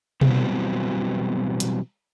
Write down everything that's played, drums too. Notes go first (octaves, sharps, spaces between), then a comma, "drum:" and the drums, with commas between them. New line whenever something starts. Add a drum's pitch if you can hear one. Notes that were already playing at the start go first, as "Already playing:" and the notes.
B2 E3 F#3 G3 B3 C4, drum: tom B2
drum: hi-hat